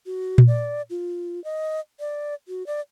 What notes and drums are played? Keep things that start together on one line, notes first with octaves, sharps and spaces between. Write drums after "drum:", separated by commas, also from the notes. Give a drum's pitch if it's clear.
F#4
drum: tom A#2
D5
F4
D#5
D5
F#4
D5